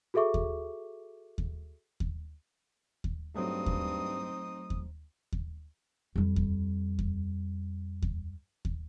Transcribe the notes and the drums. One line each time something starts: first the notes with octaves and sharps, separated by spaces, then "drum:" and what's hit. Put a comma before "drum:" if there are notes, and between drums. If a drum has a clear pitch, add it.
F#4 G#4 A4 E5 C#6 D6
drum: kick D#2
drum: kick D#2
drum: kick D#2
drum: kick D#2
G2 F#3 A3 C4 D#4 D#6
drum: kick D#2
drum: kick D#2
drum: kick D#2
F2 G3
drum: kick D#2
drum: kick D#2
drum: kick D#2
drum: kick D#2